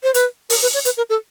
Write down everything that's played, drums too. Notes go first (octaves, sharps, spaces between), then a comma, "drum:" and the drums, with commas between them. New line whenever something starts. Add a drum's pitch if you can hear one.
C5
B4, drum: hi-hat
A#4, drum: open hi-hat
B4
C#5
B4, drum: hi-hat
A#4
A4